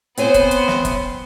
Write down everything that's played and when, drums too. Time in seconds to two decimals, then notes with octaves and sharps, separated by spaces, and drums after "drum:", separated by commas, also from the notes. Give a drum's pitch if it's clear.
0.17 B3 C4 C5 C#5 G#5, drum: hi-hat
0.34 drum: kick F1, hi-hat
0.51 drum: hi-hat
0.68 drum: snare
0.85 drum: kick F1, hi-hat